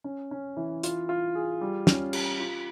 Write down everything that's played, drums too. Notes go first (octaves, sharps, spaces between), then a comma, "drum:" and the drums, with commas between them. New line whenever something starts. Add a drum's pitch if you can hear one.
C#4
C#4
E3
F4, drum: hi-hat
F4
G#4
G3
C#4, drum: snare
G4, drum: cymbal
F4